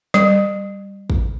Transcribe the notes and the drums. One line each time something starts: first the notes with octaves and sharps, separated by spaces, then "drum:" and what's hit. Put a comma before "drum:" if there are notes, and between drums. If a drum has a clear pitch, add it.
G3, drum: snare
drum: kick